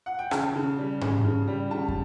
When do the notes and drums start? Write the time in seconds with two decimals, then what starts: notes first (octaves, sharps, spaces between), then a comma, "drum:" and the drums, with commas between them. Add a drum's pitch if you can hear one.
0.06 F#5
0.19 G5
0.31 C#3 A5, drum: rim click
0.56 C#3
0.78 G3
1.01 C#3, drum: tom G#2
1.25 C#3
1.48 G3
1.71 C#3 A5
1.88 drum: kick